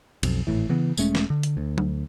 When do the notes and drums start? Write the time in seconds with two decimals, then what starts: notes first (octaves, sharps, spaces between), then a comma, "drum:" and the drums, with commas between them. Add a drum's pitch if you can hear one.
0.23 B1 F2, drum: cymbal
0.47 G#1 A2 E3
0.69 C#3 E3 B3
0.97 E1 G#3 A3 C#4, drum: tambourine
1.15 drum: snare
1.30 D3
1.43 drum: hi-hat
1.57 D2
1.78 drum: tom F#3